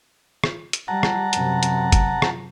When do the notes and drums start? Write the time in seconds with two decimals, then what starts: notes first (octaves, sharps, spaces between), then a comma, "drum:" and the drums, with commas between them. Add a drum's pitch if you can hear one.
0.44 drum: rim click
0.73 drum: hi-hat
0.88 G3 F#5 A5 A#5
1.03 drum: rim click
1.33 F#2 C3, drum: hi-hat
1.63 drum: hi-hat
1.92 drum: kick G1, hi-hat
2.22 drum: rim click